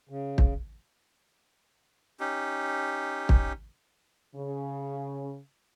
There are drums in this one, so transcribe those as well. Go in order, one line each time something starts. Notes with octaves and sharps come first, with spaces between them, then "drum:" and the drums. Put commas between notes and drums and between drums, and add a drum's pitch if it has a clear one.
C#3
drum: kick
C#4 D#4 G4
drum: kick
C#3